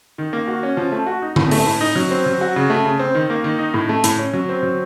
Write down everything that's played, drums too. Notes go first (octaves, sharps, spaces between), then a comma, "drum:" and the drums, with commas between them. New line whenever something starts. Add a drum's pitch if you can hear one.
D#3
A#3
F#4
C#4
F3
A3
F#4
D#4
A2, drum: tom D3
A3, drum: open hi-hat
A2
D#4
F#3
C4
F#3
F#4
C#3
A3
C#3
C4
D#3
A#3
D#3
D#4
A2
A3
A2, drum: hi-hat
C#4
F#3
C4
F#3